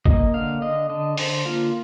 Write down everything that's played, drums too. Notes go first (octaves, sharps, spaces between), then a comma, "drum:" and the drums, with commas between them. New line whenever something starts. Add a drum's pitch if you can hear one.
A#3 D#5, drum: kick G1
D3 F5
D3 D#5
D3 D#5
D3 C5, drum: open hi-hat
A#3 F4